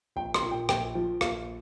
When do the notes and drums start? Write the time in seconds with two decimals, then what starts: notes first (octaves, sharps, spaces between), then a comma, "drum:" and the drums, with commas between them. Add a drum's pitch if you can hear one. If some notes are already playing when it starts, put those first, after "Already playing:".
0.16 A#1 G5
0.34 C6, drum: rim click
0.43 A#2
0.51 G5
0.69 A#1 G5, drum: rim click
0.95 F3
1.21 A#1 F5, drum: rim click